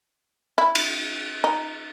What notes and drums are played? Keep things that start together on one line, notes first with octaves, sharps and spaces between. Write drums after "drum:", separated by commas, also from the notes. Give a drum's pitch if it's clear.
E4
drum: cymbal
D#4